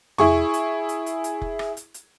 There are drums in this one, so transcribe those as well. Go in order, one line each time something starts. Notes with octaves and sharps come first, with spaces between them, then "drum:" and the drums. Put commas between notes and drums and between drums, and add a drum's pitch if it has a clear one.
E4 G#4 C#6, drum: tom E2
drum: hi-hat
drum: hi-hat
drum: hi-hat
drum: hi-hat
drum: kick F1
drum: rim click
drum: hi-hat
drum: hi-hat